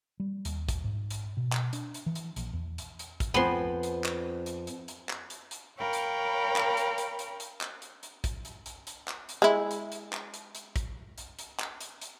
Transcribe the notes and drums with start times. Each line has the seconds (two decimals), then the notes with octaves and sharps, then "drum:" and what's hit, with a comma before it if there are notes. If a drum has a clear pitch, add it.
0.20 G3
0.45 D#2, drum: hi-hat
0.69 drum: kick, hi-hat
0.84 G#2
1.10 drum: hi-hat
1.37 B2
1.52 drum: clap
1.73 D4, drum: hi-hat
1.94 drum: hi-hat
2.06 E3
2.15 drum: hi-hat
2.36 A#1, drum: hi-hat
2.53 E2
2.78 drum: hi-hat
2.99 drum: hi-hat
3.20 drum: kick, hi-hat
3.34 F2 B3 C5 G#5 C6
3.83 drum: hi-hat
4.04 drum: clap
4.46 drum: hi-hat
4.67 drum: hi-hat
4.88 drum: hi-hat
5.09 drum: clap
5.30 drum: hi-hat
5.51 drum: hi-hat
5.78 A#4 C#5 F5 G5 B5
5.93 drum: hi-hat
6.56 drum: clap
6.77 drum: hi-hat
6.98 drum: hi-hat
7.19 drum: hi-hat
7.40 drum: hi-hat
7.61 drum: clap
7.82 drum: hi-hat
8.03 drum: hi-hat
8.24 drum: kick, hi-hat
8.45 drum: hi-hat
8.66 drum: hi-hat
8.87 drum: hi-hat
9.08 drum: clap
9.29 drum: hi-hat
9.42 G#3 E4
9.71 drum: hi-hat
9.92 drum: hi-hat
10.13 drum: clap
10.34 drum: hi-hat
10.55 drum: hi-hat
10.76 drum: kick, hi-hat
11.18 drum: hi-hat
11.39 drum: hi-hat
11.60 drum: clap
11.81 drum: hi-hat
12.02 drum: hi-hat